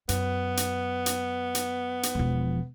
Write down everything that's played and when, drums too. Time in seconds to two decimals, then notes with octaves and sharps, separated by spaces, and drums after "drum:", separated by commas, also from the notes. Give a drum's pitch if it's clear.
0.09 F#2 B3, drum: hi-hat
0.57 drum: hi-hat
1.06 drum: hi-hat
1.55 drum: hi-hat
2.03 drum: hi-hat
2.15 E1 F3